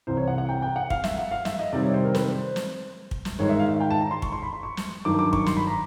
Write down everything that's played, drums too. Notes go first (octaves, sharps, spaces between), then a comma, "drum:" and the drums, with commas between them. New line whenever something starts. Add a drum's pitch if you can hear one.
C2 C3 E3 C5
C#5
F#5
F#5
G5
G5
F#5
F5, drum: kick
E5, drum: snare
F#5
F5
E5, drum: snare
D#5
C3 D#3 G3 C4 D5
C#5
C5
A#4
B4, drum: snare
C5
drum: snare
drum: kick
drum: snare
G#2 D#3 G#3 C#5
E5
F5
G5
A5
A#5
C6
C#6, drum: kick
C6
B5
C6
C#6
drum: snare
G2 D#3 F#3 D6
D6
C#6, drum: kick
C6, drum: snare
B5
A#5